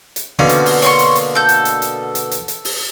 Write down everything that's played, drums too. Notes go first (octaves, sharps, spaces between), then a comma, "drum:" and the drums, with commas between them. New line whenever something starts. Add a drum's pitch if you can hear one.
drum: hi-hat
B2 D3 A#3 C#4 C5
drum: hi-hat
drum: open hi-hat
C#5 C6 C#6, drum: hi-hat
drum: hi-hat
drum: hi-hat
A4 G6
drum: hi-hat
drum: hi-hat
drum: hi-hat
drum: hi-hat
drum: hi-hat
drum: hi-hat
drum: open hi-hat